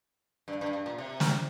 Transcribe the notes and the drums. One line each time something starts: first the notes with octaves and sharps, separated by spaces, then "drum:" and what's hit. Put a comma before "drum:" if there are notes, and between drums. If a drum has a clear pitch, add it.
G2
G2
G2
A#2
C3
drum: snare